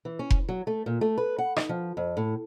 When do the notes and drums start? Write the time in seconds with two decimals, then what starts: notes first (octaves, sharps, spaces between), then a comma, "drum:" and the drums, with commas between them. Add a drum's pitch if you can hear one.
0.05 E3
0.19 C#4
0.30 drum: kick F1
0.49 F#3
0.67 A3
0.86 A#2
1.01 A3
1.18 B4
1.38 F#5
1.56 D#4, drum: rim click
1.69 F3
1.97 F2
2.17 A2